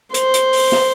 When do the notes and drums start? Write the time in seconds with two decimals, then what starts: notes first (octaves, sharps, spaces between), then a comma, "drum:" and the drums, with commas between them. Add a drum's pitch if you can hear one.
0.14 C5, drum: hi-hat
0.34 drum: hi-hat
0.53 drum: open hi-hat
0.72 drum: snare